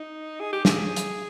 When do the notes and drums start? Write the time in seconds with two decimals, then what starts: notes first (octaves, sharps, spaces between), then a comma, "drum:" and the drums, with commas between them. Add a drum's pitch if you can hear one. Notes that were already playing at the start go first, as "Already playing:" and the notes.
Already playing: D#4
0.40 G#4
0.53 G4
0.65 G#4, drum: snare
0.96 drum: hi-hat